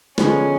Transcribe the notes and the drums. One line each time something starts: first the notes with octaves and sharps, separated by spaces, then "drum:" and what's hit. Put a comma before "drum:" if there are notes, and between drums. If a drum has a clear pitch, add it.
D3 F3 G#3 B3 C#4, drum: snare